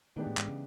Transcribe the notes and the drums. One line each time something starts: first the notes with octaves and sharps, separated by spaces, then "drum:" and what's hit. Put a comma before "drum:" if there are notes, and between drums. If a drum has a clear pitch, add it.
D#3 E3 G#3 B3 D4 G4
A2
G#2, drum: clap
C#3